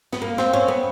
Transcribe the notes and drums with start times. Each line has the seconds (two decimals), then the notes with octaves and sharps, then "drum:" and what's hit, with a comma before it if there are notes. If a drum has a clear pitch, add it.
0.13 B3, drum: snare
0.22 A#3
0.38 C4, drum: snare
0.53 C#4
0.68 B3